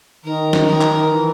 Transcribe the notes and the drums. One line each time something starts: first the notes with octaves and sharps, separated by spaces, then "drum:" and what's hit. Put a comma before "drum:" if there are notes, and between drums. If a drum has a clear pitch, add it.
D#3 A#4
drum: snare
A#4
drum: clap
E3